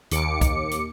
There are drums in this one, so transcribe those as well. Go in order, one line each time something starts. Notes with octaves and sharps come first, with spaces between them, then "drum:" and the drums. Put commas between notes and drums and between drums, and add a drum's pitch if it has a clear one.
D#2 D6 C#7, drum: hi-hat
drum: kick C2, hi-hat
drum: hi-hat